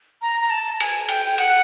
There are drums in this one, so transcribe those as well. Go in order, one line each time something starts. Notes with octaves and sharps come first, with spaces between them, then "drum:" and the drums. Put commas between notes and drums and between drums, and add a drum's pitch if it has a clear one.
A#5
A#5
A5
G#5, drum: cymbal
G5, drum: cymbal
G5
F#5, drum: cymbal